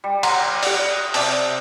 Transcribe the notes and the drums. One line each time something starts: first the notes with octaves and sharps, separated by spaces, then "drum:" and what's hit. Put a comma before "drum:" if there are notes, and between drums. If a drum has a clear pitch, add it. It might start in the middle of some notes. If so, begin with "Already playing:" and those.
G3
F#5 A#5 C6, drum: cymbal
G4 D5 D#5 F#5, drum: open hi-hat
C3 D5 E5 A5, drum: open hi-hat